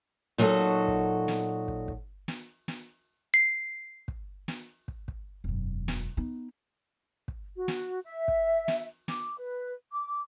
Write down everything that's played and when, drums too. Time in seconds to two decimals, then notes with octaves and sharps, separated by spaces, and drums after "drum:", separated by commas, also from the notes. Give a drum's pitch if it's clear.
0.38 A#2 F#3 D#4 F#4 A4
0.88 drum: kick
1.28 drum: snare
1.68 drum: kick
1.88 drum: kick
2.28 drum: snare
2.68 drum: snare
3.34 C7
4.08 drum: kick
4.48 drum: snare
4.88 drum: kick
5.08 drum: kick
5.44 E1 F#2
5.88 drum: snare
6.17 B3 D#4
7.28 drum: kick
7.56 F#4
7.68 drum: snare
8.05 E5
8.28 drum: kick
8.68 drum: snare
9.08 D6, drum: snare
9.39 B4
9.93 D6